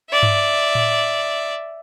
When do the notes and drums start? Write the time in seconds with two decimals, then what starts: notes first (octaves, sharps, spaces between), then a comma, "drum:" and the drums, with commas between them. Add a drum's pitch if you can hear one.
0.11 D5 E5
0.23 drum: tom G2
0.75 drum: tom A2